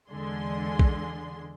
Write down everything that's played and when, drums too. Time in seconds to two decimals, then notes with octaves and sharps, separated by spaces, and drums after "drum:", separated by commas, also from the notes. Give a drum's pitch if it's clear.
0.10 E2 D3 G#3 G#4 C6
0.79 drum: kick